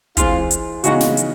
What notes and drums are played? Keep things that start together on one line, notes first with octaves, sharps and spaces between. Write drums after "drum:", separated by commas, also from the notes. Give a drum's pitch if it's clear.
E3 G#3 C4 F4, drum: kick, hi-hat
drum: hi-hat
C#3 E3 G#3 B3 D#4 F#4, drum: hi-hat
drum: snare
drum: hi-hat